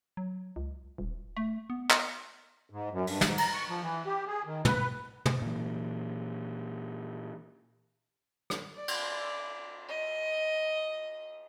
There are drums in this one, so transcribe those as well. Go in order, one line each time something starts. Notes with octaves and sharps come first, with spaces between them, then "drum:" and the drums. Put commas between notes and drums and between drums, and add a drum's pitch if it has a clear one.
F#3
C#2
D#1
A3
B3
drum: clap
G#2
F#2
G2, drum: open hi-hat
G#2, drum: snare
A#5, drum: cymbal
C#6
F3
E3
G4
G#4
D#3
B4, drum: tom
drum: tom
A#2 E3
drum: rim click
D5
drum: cymbal
D#5